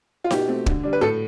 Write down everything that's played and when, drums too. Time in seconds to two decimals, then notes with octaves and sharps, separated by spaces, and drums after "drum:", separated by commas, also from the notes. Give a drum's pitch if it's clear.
0.24 F4
0.31 B2 G4, drum: snare D#4
0.48 A3 C4
0.66 D3, drum: kick
0.83 G3 D4
0.93 B4
1.01 A2 A4